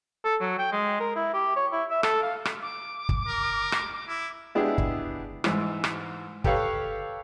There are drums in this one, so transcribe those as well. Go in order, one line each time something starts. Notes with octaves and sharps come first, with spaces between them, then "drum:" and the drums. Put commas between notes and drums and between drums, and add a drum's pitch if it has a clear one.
A4
F#3
G5
G#3
A#4
E4
G4
C#5
E4
E5
A4, drum: rim click
F5
drum: rim click
D6
drum: kick
A#4
drum: rim click
E4
G#3 B3 D4 E4 G4 G#4
drum: kick
G#2 E3, drum: rim click
drum: rim click
G4 A4 B4 C#5 F5, drum: kick